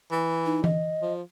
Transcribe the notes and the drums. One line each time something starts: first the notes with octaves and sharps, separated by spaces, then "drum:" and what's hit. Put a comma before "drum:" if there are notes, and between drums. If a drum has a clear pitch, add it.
E3
D#4
D#5, drum: tom E3
F3